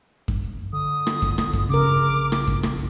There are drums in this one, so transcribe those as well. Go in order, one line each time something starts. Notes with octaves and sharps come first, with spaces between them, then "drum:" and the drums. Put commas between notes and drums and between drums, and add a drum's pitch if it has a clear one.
drum: kick F#2
D3 D#6
drum: rim click
drum: kick F#2
drum: rim click
drum: kick F#2
A#1 C#3 A#4 D6
drum: rim click
drum: kick F#2
drum: rim click